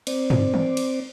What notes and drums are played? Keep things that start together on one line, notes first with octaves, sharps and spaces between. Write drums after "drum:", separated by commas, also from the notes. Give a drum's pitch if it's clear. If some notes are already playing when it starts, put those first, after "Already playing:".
C4 C5 D5, drum: cymbal
drum: tom G2
drum: tom D#3
drum: cymbal